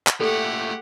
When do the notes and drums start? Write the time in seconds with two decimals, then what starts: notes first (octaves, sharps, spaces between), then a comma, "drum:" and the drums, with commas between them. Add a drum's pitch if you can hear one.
0.07 drum: clap
0.21 A#2 A3 G4 A4 F#5